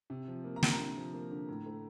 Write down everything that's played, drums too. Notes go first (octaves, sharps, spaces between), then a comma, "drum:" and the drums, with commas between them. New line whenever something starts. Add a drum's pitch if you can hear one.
C3
F3
A#3
A#5
C3, drum: snare
A#5
D3
F3
A#3
D3
A2
A3